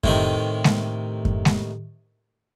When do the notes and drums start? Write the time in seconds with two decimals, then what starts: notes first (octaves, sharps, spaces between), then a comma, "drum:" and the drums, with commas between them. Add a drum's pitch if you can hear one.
0.04 A2 C3 D#3, drum: kick F#2
0.64 drum: snare G#3
1.25 drum: kick F#2
1.45 drum: snare G#3